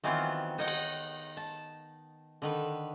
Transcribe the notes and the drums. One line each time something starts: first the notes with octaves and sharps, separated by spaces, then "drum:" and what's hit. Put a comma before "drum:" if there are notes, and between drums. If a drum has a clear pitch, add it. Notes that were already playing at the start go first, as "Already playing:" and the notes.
D#3 E3 F#3 B3 C4 F4
D#4 C#5 D#5 F#5 G5
drum: cymbal
A5
D3 D#3 B4